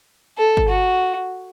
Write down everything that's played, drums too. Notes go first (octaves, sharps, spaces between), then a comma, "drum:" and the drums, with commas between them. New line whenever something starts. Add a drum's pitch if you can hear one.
A4
drum: kick G1
F#4